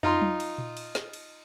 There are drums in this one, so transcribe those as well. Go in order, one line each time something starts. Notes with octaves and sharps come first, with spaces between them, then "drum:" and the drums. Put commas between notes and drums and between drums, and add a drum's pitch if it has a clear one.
D#4 F4 A#5 C6, drum: tom
drum: tom F#3
drum: cymbal
drum: tom A#2
drum: cymbal
drum: snare
drum: cymbal